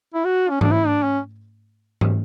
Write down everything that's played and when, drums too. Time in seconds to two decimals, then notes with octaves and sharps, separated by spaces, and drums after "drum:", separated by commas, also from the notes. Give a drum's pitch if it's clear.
0.14 E4
0.25 F#4
0.50 C#4
0.61 D4, drum: tom G#2
0.72 E4
0.87 D4
1.03 C#4
2.01 drum: tom G#2